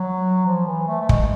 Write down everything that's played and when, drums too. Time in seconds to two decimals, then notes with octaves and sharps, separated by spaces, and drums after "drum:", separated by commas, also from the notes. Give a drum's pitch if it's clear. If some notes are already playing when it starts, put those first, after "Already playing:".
Already playing: F#3
0.47 F3
0.66 E3
0.88 A3
1.01 A3
1.09 G#3, drum: kick